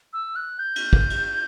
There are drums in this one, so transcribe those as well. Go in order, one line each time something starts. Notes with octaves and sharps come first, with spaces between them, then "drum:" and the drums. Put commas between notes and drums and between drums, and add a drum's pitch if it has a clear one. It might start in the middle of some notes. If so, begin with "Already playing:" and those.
E6
F#6
G6
drum: cymbal
drum: kick
drum: cymbal